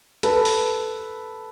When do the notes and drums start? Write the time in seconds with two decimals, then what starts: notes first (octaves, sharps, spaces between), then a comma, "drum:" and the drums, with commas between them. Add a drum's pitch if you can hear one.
0.23 A4 B4, drum: hi-hat
0.45 drum: open hi-hat